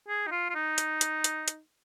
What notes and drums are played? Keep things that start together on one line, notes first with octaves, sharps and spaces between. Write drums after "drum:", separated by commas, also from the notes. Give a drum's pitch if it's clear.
G#4
D#4
F4
F4
D#4
drum: hi-hat
drum: hi-hat
drum: hi-hat
drum: hi-hat